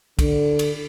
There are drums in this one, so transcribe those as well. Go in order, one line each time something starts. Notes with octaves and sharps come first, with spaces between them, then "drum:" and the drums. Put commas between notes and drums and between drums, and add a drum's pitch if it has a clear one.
D3, drum: kick, cymbal
drum: cymbal